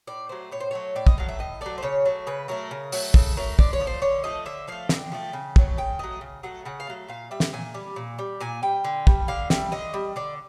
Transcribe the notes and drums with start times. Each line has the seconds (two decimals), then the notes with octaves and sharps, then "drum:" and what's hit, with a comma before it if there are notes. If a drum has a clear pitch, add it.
0.07 A2 D5
0.29 F#3 A3 C5
0.51 A2 C#5
0.60 C5
0.71 F#3 A3 C#5
0.95 A2 D5
1.07 D#5, drum: kick
1.17 F#3 A3 F5
1.29 E5
1.39 A2 D#5
1.61 F#3 A3 D5
1.78 C5
1.82 C#3 C#5
2.05 F#3 A3
2.27 C#3 B4
2.48 F#3 A3 A#4
2.71 C#3
2.92 F#3 A3, drum: open hi-hat
3.14 C#3 A4, drum: kick
3.37 F#3 A3 A#4
3.59 D3 D5, drum: kick
3.73 C#5
3.80 F3 A3
3.87 C5
4.02 D3 C#5
4.24 F3 A3 D#5
4.46 D3 E5
4.68 F3 A3 F5
4.89 D3 G5, drum: snare
5.12 F3 A3
5.33 C#3
5.56 F#3 A3, drum: kick
5.78 C#3 G5
5.99 F#3 A3 D#5
6.21 C#3
6.43 F#3 A3 F#5
6.65 C#3 F#5
6.80 F5
6.87 F#3 A3
7.09 A#2 F5
7.31 G3 E5
7.40 drum: snare
7.53 A#2 G#5
7.74 G3
7.96 A#2
8.19 G3
8.40 A#2 G#5
8.63 G3 G5
8.84 D3
9.07 G3, drum: kick
9.28 D3 F5
9.50 G3 E5, drum: snare
9.72 D3 D#5
9.94 G3
10.16 D3 D5